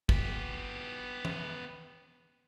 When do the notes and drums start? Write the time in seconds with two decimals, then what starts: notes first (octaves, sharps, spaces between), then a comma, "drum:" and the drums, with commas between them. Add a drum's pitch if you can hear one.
0.09 B3 G4, drum: kick
1.25 drum: tom E3